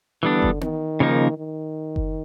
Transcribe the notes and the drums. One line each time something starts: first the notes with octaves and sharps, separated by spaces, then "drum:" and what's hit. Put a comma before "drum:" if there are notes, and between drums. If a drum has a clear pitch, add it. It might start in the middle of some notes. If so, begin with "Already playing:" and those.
D3 E3 G3 B3 D4
drum: kick F#1
D#3, drum: tom B3
C#3 F3 A#3 D#4
D#3
drum: kick F#1